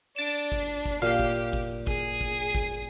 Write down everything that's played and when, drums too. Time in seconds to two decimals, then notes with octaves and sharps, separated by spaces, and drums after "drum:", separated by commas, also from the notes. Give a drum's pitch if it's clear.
0.16 D4 A6 D7 E7
0.52 drum: kick G#1
0.86 drum: kick G#1
1.02 A#2 G4 F5
1.19 drum: kick G#1
1.53 drum: kick G#1
1.87 G#4, drum: kick G#1
2.21 drum: kick G#1
2.55 drum: kick G#1